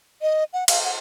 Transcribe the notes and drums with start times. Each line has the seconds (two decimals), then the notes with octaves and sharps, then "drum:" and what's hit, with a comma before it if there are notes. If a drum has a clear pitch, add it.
0.22 D#5
0.53 F#5
0.68 F5, drum: cymbal
0.84 F#5